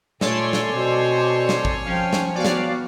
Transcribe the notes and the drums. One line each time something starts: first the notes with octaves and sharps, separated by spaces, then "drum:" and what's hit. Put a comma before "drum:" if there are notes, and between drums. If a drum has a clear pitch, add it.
A#2 A3 A4 C#5 D5 G#5 C6, drum: snare
drum: snare
B2 C4 C5
drum: snare
drum: kick
F3 C#4 F5 G5
drum: snare
B3 F#4 D5 F5
drum: snare